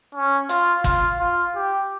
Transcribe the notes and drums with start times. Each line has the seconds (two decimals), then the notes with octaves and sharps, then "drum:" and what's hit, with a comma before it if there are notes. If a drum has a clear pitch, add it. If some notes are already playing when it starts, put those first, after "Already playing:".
0.15 C#4
0.49 F4, drum: hi-hat
0.84 F4, drum: kick, hi-hat
1.20 F4
1.55 G4